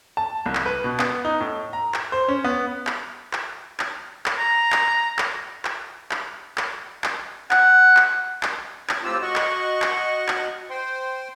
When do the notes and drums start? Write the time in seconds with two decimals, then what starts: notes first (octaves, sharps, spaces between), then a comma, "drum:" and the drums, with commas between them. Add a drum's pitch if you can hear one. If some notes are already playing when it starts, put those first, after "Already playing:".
0.17 A5
0.46 C2
0.55 drum: clap
0.66 B4
0.84 B2
0.99 B3, drum: clap
1.25 D#4
1.40 A2
1.73 A#5
1.94 drum: clap
2.12 C5
2.28 C#4
2.44 B3
2.87 drum: clap
3.33 drum: clap
3.80 drum: clap
4.26 drum: clap
4.38 A#5
4.72 drum: clap
5.19 drum: clap
5.65 drum: clap
6.11 drum: clap
6.58 drum: clap
7.04 drum: clap
7.51 F#5, drum: clap
7.97 drum: clap
8.43 drum: clap
8.89 drum: clap
9.04 A2 C4 F4 G4 E6
9.22 F#4 D#5 F#5 C#6
9.36 drum: clap
9.82 drum: clap
10.28 drum: clap
10.70 C5 G5 C6